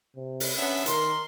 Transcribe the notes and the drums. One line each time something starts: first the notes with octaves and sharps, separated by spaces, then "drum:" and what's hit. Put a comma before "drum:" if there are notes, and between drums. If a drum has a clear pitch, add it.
C3
drum: open hi-hat
D3 B3 C#4 E5
D#3 A#4 C6, drum: hi-hat